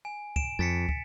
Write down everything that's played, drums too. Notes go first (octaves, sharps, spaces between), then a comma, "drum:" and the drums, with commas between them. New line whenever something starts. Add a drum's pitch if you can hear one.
G#5
D7 E7, drum: kick
F2 A6 B6 C#7
drum: kick